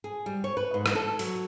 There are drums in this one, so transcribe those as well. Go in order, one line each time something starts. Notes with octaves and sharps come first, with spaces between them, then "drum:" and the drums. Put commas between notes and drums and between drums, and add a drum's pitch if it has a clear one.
G#4
G3
C#5
B4
G#2
drum: rim click
A4
F#3, drum: open hi-hat